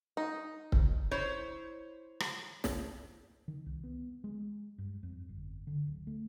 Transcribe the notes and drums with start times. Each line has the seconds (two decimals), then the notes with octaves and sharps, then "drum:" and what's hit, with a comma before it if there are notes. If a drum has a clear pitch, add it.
0.17 D#4
0.72 drum: kick C#1
1.11 E4 C5 C#5
2.20 drum: rim click
2.64 drum: snare
3.48 D#3
3.66 C2
3.84 B3
4.24 G#3
4.78 G2
5.03 F2
5.29 G1
5.67 D3
5.87 D1
6.07 A3